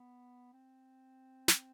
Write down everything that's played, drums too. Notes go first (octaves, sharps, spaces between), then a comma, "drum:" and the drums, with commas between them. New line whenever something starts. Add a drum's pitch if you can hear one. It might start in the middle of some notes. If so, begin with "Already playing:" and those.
Already playing: B3
C4
drum: snare